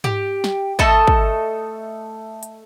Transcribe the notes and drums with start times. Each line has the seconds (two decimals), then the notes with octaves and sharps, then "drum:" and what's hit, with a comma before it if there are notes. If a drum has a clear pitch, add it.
0.04 G4, drum: tom G#2
0.44 drum: snare
0.79 A3 A4 D#5 A5, drum: kick
1.08 drum: kick
2.43 drum: hi-hat